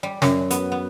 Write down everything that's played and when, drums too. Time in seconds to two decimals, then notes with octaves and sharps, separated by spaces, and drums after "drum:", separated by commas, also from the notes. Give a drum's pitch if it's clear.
0.03 G3
0.22 F#2, drum: snare
0.51 B3, drum: hi-hat
0.72 B3